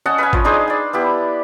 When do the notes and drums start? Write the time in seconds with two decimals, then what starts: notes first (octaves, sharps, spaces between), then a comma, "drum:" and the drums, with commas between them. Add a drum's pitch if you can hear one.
0.06 C#4 D#5 F#5 A5
0.18 B4 D#5 F5 G#5
0.33 F3 C#5, drum: kick G#1
0.44 D4 D#4 G#4 C5
0.68 D5 G5
0.93 B3 E4 G4